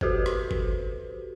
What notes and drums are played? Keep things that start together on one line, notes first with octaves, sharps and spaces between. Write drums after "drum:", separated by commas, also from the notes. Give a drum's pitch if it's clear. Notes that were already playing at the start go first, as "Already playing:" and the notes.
F#4 G4 A4 B4 C5, drum: kick
drum: rim click
drum: kick